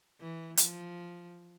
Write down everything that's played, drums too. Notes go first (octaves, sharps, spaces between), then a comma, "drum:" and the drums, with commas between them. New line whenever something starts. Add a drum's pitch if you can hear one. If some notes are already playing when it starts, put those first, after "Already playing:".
E3
F3, drum: hi-hat